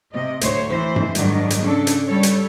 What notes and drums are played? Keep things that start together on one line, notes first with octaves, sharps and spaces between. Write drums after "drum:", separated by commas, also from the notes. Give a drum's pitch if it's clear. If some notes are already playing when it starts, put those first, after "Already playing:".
C3 D#5
D2 A2 C5 C#5, drum: hi-hat
E3 A3 C5
drum: tom F#2
G#2 D#3 F#3 G3 D4, drum: hi-hat
drum: hi-hat
C#3 C#4 D4 A4
drum: hi-hat
G3 A4 C#5
drum: hi-hat